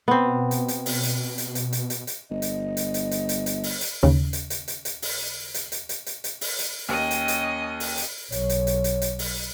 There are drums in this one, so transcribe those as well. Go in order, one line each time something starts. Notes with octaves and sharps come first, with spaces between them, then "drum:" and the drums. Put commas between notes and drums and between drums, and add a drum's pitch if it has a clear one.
B2 B3 C4
drum: hi-hat
drum: hi-hat
drum: open hi-hat
drum: hi-hat
drum: hi-hat
drum: hi-hat
drum: hi-hat
drum: hi-hat
drum: hi-hat
G1 D#5
drum: hi-hat
drum: hi-hat
drum: hi-hat
drum: hi-hat
drum: hi-hat
drum: hi-hat
drum: open hi-hat
drum: hi-hat
D#2 C#3
drum: hi-hat
drum: hi-hat
drum: hi-hat
drum: hi-hat
drum: open hi-hat
drum: hi-hat
drum: hi-hat
drum: hi-hat
drum: hi-hat
drum: hi-hat
drum: open hi-hat
drum: hi-hat
D#2 C#4 D#5
drum: hi-hat
drum: hi-hat
drum: open hi-hat
drum: hi-hat
B1 C#5, drum: hi-hat
drum: hi-hat
drum: hi-hat
drum: hi-hat
drum: hi-hat
drum: open hi-hat